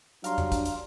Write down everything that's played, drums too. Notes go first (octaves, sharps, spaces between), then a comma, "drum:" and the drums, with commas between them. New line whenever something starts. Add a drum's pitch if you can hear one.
F#3 G3 D4 F5 A#5 C6, drum: hi-hat
drum: tom E2
drum: kick, hi-hat
drum: hi-hat